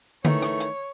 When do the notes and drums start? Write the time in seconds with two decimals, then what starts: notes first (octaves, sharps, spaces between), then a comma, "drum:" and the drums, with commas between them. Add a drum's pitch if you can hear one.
0.25 D#3 E3 A3 C#5, drum: tom D3
0.42 drum: rim click
0.60 drum: hi-hat